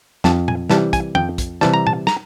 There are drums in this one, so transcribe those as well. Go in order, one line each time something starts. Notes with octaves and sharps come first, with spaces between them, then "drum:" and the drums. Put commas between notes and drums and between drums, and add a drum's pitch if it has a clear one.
F2 A5, drum: snare
G#5, drum: tom A#2
C3 E3 G3 A5, drum: snare
G#5, drum: kick, hi-hat
F2 G5, drum: tom
drum: kick, hi-hat
C3 E3 G3 A5, drum: snare
A#5
A5, drum: tom A#2
A#5, drum: snare